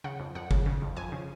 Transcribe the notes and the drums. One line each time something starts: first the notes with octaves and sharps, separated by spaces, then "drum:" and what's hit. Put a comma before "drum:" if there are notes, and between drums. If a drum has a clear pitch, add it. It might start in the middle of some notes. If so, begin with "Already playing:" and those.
C#3 F#5
F2
F2 F#5
C#3, drum: kick G1
C#3
F2
F2 G#5
C#3